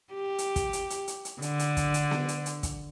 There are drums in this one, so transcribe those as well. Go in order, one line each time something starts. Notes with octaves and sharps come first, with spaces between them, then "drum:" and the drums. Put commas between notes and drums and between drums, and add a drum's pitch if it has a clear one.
G4
drum: hi-hat
drum: kick, hi-hat
drum: hi-hat
drum: hi-hat
drum: hi-hat
drum: hi-hat
D3, drum: hi-hat
drum: hi-hat
drum: kick, hi-hat
drum: hi-hat
drum: snare B3
drum: hi-hat
drum: hi-hat
drum: kick, hi-hat